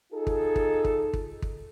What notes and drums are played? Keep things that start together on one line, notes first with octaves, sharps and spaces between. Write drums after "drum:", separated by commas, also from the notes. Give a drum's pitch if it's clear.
D#4 F4 G#4 A4
drum: kick
drum: kick
drum: kick
drum: kick
drum: kick